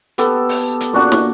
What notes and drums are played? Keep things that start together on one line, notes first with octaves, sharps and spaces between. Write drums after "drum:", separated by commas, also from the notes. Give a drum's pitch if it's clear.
B3 G4 A4, drum: hi-hat
drum: open hi-hat
drum: hi-hat
A#2 C#4 D4 F#4
drum: snare